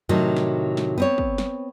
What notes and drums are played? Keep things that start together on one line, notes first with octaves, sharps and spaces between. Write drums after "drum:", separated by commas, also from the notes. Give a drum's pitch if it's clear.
A2 C3 D#3 F#3
drum: snare
drum: snare
B3 C4 C#5
drum: kick
drum: snare